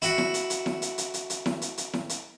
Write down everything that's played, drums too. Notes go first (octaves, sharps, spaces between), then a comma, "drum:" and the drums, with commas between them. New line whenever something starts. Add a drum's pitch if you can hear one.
E4 F#4, drum: hi-hat
drum: snare E4
drum: hi-hat
drum: hi-hat
drum: snare E4
drum: hi-hat
drum: hi-hat
drum: hi-hat
drum: hi-hat
drum: snare E4
drum: hi-hat
drum: hi-hat
drum: snare E4
drum: hi-hat